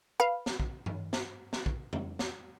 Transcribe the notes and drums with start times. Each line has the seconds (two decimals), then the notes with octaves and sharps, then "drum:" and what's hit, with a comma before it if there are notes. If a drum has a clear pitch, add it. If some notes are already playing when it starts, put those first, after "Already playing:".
0.20 B4 F5
0.46 drum: snare
0.60 drum: kick
0.86 drum: tom G2
1.13 drum: snare
1.53 drum: snare
1.66 drum: kick
1.93 drum: tom
2.19 drum: snare